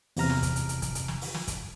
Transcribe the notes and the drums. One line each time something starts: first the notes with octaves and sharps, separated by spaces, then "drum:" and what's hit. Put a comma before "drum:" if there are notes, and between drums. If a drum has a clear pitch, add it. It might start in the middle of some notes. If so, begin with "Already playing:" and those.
E2 C3 A#5 F6, drum: open hi-hat
drum: snare
drum: kick, hi-hat
drum: hi-hat
drum: hi-hat
drum: kick, hi-hat
drum: hi-hat
drum: snare
drum: open hi-hat
drum: snare
drum: kick, hi-hat